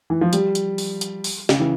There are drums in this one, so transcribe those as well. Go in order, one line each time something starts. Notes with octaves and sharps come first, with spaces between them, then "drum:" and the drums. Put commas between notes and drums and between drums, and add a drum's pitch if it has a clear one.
E3
F3
G3, drum: hi-hat
drum: hi-hat
drum: open hi-hat
drum: hi-hat
drum: open hi-hat
C#3, drum: snare
E3